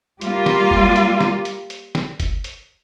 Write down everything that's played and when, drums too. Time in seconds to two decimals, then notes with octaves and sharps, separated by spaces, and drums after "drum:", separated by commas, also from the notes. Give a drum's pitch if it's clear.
0.21 G3 A#3 F4, drum: hi-hat
0.46 drum: snare
0.71 drum: kick
0.96 drum: hi-hat
1.21 drum: snare
1.45 drum: hi-hat
1.70 drum: hi-hat
1.95 drum: snare
2.20 drum: kick, hi-hat
2.44 drum: hi-hat